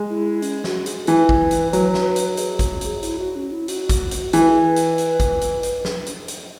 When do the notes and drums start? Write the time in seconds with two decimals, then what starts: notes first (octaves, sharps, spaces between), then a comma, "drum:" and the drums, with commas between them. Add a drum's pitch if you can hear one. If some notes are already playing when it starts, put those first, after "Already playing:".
Already playing: G#3
0.10 E4
0.42 C#4, drum: hi-hat
0.64 F#4, drum: snare
0.86 G#4, drum: hi-hat
1.07 E3 B4, drum: hi-hat
1.29 drum: kick G#1
1.51 drum: hi-hat
1.73 F#3, drum: hi-hat
1.94 drum: snare
2.16 drum: hi-hat
2.37 G#4, drum: hi-hat
2.59 drum: kick G#1, hi-hat
2.81 drum: hi-hat
3.03 E4, drum: hi-hat
3.19 F#4
3.36 C#4
3.51 E4
3.68 F#4, drum: hi-hat
3.89 drum: kick G#1, hi-hat
4.11 drum: hi-hat
4.33 E3 G#4, drum: hi-hat
4.41 B4
4.50 G#4
4.65 B4
4.76 drum: hi-hat
4.98 drum: hi-hat
5.20 drum: kick G#1, hi-hat
5.41 drum: hi-hat
5.63 drum: hi-hat
5.85 drum: snare
6.06 drum: hi-hat
6.28 drum: hi-hat